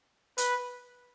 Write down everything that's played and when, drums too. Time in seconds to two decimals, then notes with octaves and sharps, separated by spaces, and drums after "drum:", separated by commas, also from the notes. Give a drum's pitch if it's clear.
0.38 B4, drum: hi-hat